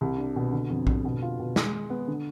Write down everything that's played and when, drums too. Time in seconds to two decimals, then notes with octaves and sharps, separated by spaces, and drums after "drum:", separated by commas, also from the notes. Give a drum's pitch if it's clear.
0.01 C2
0.18 D4
0.36 B2
0.52 D3
0.70 F2
0.87 D3, drum: kick A#1
1.05 B2
1.22 F4
1.39 B2
1.56 G#3, drum: snare
1.73 G#3
1.90 B3
2.08 D3